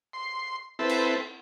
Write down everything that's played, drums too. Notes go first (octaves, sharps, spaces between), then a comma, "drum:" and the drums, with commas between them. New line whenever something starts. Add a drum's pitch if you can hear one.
C6
C4 E4 A4 B4
drum: cymbal